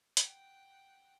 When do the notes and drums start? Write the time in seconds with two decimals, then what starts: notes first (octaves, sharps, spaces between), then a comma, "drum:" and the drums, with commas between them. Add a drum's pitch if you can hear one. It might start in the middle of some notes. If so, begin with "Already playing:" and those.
0.17 F#5 G5, drum: hi-hat